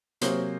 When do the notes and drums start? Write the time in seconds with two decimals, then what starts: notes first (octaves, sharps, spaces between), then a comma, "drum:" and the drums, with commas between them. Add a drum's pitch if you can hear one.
0.21 C3 F#3 A#3 G#4 C5, drum: hi-hat